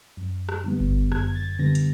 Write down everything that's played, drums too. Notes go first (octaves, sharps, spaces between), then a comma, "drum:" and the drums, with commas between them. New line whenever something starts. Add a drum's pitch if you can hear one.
F#2
drum: rim click
D3 G3 B3
drum: kick G1
F#2 G#6, drum: rim click
A6
D3 G3 B3 A#6
drum: hi-hat